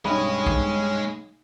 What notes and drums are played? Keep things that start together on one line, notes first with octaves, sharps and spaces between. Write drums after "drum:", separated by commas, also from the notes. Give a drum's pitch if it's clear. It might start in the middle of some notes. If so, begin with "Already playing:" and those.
B1 G2 G#3 C#4 D#5 B5
drum: kick A#1